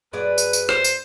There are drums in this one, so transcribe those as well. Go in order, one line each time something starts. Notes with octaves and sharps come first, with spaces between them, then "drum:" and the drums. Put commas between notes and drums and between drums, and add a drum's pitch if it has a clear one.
F#2 G#4 B4 D5
drum: tambourine
drum: tambourine
C5, drum: rim click
drum: tambourine